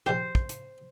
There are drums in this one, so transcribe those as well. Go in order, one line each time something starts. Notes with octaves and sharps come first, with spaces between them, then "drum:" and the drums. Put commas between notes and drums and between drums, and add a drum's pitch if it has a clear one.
A#1 D#2 G4 C5
drum: kick
drum: hi-hat